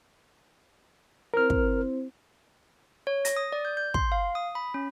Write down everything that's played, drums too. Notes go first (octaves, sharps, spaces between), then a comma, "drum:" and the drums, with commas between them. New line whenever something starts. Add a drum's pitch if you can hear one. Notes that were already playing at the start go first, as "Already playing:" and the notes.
C4 E4 A#4 C5 F6
drum: kick
C#5
A#6, drum: hi-hat
D#6
D5
G6
G6
C6, drum: kick
F5
D#6
B5
C#4